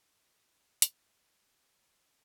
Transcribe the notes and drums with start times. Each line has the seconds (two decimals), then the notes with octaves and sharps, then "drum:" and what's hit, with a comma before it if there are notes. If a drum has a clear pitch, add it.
0.01 C#5
0.40 E4
0.82 drum: hi-hat
1.08 C5
1.76 G3 C#5